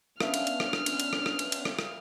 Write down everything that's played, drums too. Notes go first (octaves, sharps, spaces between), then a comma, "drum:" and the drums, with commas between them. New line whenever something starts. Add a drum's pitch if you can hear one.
B3 C#4 D4 E5 F5 F6, drum: rim click
drum: cymbal
drum: cymbal
drum: rim click
drum: rim click
drum: cymbal
drum: cymbal
drum: rim click
drum: rim click
drum: cymbal
drum: cymbal
drum: rim click
drum: rim click